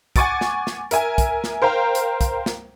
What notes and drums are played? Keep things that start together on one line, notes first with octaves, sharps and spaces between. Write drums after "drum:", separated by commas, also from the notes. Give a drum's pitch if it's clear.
F#5 G#5 C#6 D6 A6 D7, drum: kick, hi-hat
drum: snare
drum: snare
A#4 E5 G#5, drum: hi-hat
drum: kick, hi-hat
drum: snare
A#4 C5 F5 G5 A#5
drum: hi-hat
drum: kick, hi-hat
drum: snare